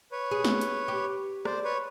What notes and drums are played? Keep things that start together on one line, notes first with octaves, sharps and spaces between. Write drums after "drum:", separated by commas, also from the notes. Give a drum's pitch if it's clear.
B4 C#5
G#4
drum: snare
drum: hi-hat
G4
C5 D5, drum: rim click
B4 C#5